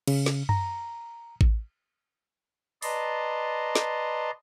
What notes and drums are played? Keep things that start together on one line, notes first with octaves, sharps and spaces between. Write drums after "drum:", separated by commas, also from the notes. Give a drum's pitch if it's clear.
C#3, drum: cymbal
drum: snare
A#5, drum: tom F#2
drum: kick A1
B4 D5 D#5 A5 A#5 C6, drum: open hi-hat
drum: snare